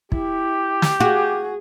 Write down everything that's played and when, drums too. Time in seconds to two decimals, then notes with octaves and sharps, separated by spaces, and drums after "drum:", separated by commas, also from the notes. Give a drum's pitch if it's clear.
0.12 E4 G4, drum: kick
0.82 drum: snare
1.00 F#4 G#4